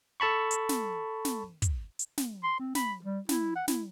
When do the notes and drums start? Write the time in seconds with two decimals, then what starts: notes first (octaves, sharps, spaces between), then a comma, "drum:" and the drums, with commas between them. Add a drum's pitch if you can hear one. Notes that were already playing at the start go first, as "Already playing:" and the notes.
0.20 A4 A5 B5 C#6
0.51 drum: hi-hat
0.69 drum: snare
1.25 drum: snare
1.62 drum: kick, hi-hat
1.99 drum: hi-hat
2.18 drum: snare
2.43 C6
2.59 C4
2.75 B5, drum: snare
3.04 G3
3.29 E4, drum: snare
3.55 F#5
3.68 E4, drum: snare